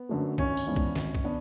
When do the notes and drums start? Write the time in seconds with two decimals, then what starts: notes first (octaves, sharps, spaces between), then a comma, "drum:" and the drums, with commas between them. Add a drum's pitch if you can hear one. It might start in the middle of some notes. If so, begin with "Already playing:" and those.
Already playing: B3
0.09 F#2 D3 A3
0.38 G#1 C#4, drum: kick
0.57 drum: tambourine
0.67 G#2 E3 B3 D4
0.76 drum: kick
0.96 G#1, drum: snare
1.15 drum: kick
1.24 B3 D4